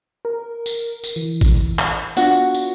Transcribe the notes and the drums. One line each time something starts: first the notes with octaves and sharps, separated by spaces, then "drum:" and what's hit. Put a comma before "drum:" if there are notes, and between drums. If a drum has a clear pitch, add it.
A#4
drum: tambourine
drum: tambourine
E3
drum: kick A1, tambourine
drum: clap
B3 D4 F4 F#4, drum: tambourine
drum: tambourine